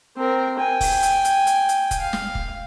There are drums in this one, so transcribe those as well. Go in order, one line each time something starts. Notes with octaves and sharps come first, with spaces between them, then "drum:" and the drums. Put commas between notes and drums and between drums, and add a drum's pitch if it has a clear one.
C4 A#4
G5 G#5
drum: kick, open hi-hat
drum: hi-hat
drum: hi-hat
drum: hi-hat
drum: hi-hat
drum: kick, hi-hat
F5
drum: snare
drum: kick